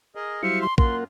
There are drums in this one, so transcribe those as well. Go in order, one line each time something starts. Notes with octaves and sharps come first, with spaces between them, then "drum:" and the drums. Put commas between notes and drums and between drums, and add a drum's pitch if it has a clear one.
G#4 A#4 D#5
F#3 G3 E4 C5 E5 F5 C#7
C6
F#2 A#3 F4 A#4 F#5 C6, drum: kick